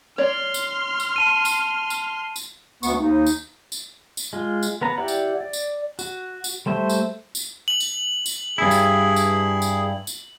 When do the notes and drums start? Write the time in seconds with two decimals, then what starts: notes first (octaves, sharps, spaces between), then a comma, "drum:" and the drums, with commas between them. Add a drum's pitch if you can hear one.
0.18 C#5 D5 C6 F6
0.54 drum: tambourine
1.00 drum: tambourine
1.16 A5 D#7
1.45 drum: tambourine
1.90 drum: tambourine
2.36 drum: tambourine
2.83 D2 B3 C#6, drum: tambourine
2.98 D#2 D#4
3.26 drum: tambourine
3.72 drum: tambourine
4.17 drum: tambourine
4.33 G#3 F4
4.63 drum: tambourine
4.81 B3 B4 A#5
4.98 E4 G4 D5 F#5
5.08 drum: tambourine
5.40 D5
5.53 drum: tambourine
5.99 F#4, drum: tambourine
6.44 drum: tambourine
6.66 G3 A3 C5 E5
6.89 drum: tambourine
7.35 drum: tambourine
7.68 F#7
7.80 drum: tambourine
8.26 drum: tambourine
8.58 G2 E4 G#4
8.71 drum: tambourine
9.16 drum: tambourine
9.62 drum: tambourine
10.07 drum: tambourine